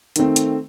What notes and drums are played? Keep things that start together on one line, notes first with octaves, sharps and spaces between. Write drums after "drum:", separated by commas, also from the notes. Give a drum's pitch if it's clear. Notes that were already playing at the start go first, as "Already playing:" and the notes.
D#3 A3 C4, drum: hi-hat
drum: hi-hat